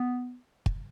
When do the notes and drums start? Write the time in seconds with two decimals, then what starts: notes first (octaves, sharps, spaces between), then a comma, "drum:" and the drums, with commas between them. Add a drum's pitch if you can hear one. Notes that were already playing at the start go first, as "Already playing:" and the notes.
Already playing: B3
0.66 drum: kick